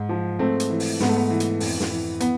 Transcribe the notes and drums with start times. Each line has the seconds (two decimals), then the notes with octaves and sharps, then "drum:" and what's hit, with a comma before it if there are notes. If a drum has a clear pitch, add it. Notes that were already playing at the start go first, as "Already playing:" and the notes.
Already playing: G#2
0.09 F3
0.39 G#2 A3 C4
0.60 drum: hi-hat
0.70 E3
0.80 drum: open hi-hat
1.00 G#2 B3, drum: snare
1.08 A3
1.16 B3
1.30 E3
1.40 drum: hi-hat
1.60 F2, drum: open hi-hat
1.80 drum: snare
1.90 E3
2.20 B3, drum: hi-hat